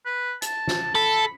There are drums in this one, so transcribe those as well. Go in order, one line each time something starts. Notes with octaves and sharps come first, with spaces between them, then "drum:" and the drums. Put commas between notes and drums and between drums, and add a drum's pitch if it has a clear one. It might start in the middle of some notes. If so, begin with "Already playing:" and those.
B4
A5, drum: hi-hat
drum: snare
A4 B5